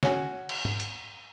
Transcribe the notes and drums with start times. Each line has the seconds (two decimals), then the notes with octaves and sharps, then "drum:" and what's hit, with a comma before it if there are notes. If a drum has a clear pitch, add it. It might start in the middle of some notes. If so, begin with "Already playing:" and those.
0.03 C#4 F#4 G#5, drum: snare
0.49 drum: cymbal
0.65 drum: tom
0.80 drum: hi-hat